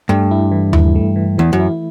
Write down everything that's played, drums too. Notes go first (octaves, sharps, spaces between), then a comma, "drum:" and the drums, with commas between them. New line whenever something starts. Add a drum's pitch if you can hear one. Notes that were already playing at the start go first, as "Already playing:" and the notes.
G2 A3
E4
E3
E4, drum: tom D#2
A3
E3
E2 E3
F#2
E4